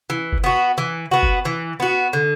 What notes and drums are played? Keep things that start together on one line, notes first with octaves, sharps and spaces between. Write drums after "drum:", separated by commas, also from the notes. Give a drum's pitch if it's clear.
E3
drum: kick F#1
B3 F#4
E3
B3 F#4
drum: kick F#1
E3
B3 F#4
D3